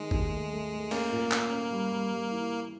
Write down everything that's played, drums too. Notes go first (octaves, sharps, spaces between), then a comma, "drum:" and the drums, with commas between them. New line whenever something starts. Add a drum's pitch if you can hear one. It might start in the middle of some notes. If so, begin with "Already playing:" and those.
Already playing: D#3 G#3
D#2, drum: kick G#1
A3
A3
A3
A#3 C#4, drum: cymbal
A#2
C#4, drum: clap
C#4
G3
G3
G3
E3